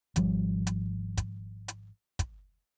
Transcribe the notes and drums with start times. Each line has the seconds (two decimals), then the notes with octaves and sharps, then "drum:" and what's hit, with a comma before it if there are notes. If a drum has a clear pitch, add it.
0.16 G#1 F3 G3, drum: kick, hi-hat
0.67 drum: hi-hat
1.17 drum: kick, hi-hat
1.68 drum: hi-hat
2.19 drum: kick, hi-hat